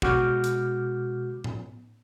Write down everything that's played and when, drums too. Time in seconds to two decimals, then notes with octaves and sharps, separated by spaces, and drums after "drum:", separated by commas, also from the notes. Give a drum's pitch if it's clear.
0.02 B2 G#3 F#4 D6 F6 G6, drum: kick
0.44 drum: hi-hat
1.44 drum: tom A2